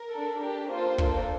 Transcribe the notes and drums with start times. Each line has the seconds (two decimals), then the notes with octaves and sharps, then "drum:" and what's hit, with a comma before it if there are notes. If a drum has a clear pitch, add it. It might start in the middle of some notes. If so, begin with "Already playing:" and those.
Already playing: A#4
0.13 D4 A4
0.42 D4 G4
0.70 A#3 F4 A4 C5
0.98 A#3 D4 F4 A4, drum: kick